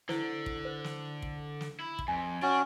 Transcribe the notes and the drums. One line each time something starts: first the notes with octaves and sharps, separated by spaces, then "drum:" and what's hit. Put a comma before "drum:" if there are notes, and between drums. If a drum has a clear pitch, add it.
D3 E4 C5, drum: snare
drum: kick
C5
drum: snare
drum: kick
drum: snare
E4
drum: kick
F2 G#5
C#4 D4 F#4